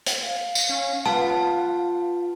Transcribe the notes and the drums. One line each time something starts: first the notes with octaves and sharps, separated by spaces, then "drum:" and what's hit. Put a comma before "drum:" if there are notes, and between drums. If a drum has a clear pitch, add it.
drum: hi-hat
F5
drum: tambourine
C#4
B3 F4 A5